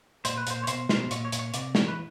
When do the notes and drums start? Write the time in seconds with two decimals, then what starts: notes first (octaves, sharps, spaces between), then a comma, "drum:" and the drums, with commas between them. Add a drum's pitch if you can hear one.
0.25 A#2 C5, drum: hi-hat
0.38 B4
0.47 A#2 C5, drum: hi-hat
0.64 C#5
0.67 B2 C5, drum: hi-hat
0.89 B2 C5, drum: snare
1.11 A#2 C#5, drum: hi-hat
1.25 C#5
1.32 A#2, drum: hi-hat
1.39 C#5
1.54 C3 D5, drum: hi-hat
1.75 E3 C#5, drum: snare
1.88 B4